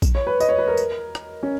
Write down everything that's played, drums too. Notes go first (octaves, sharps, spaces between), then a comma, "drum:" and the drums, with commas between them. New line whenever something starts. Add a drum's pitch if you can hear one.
drum: kick A#1, tambourine
C#5
B4
D#5, drum: tambourine
C#5
B4
A#4
drum: tambourine
drum: rim click
C#4